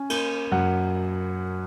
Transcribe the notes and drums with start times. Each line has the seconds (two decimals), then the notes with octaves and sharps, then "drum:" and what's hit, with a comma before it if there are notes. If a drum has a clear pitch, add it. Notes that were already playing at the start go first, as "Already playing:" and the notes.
Already playing: C#4 G#5
0.10 A#3, drum: cymbal
0.52 F#2 F#5